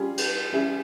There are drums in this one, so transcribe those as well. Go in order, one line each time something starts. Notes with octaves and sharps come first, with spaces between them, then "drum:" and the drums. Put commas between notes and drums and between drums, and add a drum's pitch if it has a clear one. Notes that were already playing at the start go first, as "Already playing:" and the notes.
Already playing: G3 C#4 F4 G#4
drum: cymbal
G3 C#4 E4 G#4